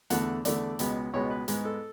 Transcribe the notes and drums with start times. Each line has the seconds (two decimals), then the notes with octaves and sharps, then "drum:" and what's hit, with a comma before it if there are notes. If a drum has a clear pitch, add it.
0.10 E2 D3 A3 F#5, drum: hi-hat
0.45 E2 D3 A3 D5, drum: hi-hat
0.79 C#2 B2 G#3 B3, drum: hi-hat
1.13 C#2 B2 G#3 B3 C#5
1.30 B4
1.48 G#2 G#3 B3 G#4, drum: hi-hat
1.65 A4